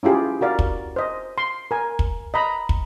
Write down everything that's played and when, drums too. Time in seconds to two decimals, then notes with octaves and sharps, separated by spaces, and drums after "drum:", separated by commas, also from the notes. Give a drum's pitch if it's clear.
0.03 C#4 E4 F4 G4 G#4
0.41 F#4 A#4 D5 F5
0.59 drum: kick
0.96 C5 D#5
1.38 C6
1.71 A#4 G#5
1.99 drum: kick
2.34 D#5 A#5 B5
2.69 drum: kick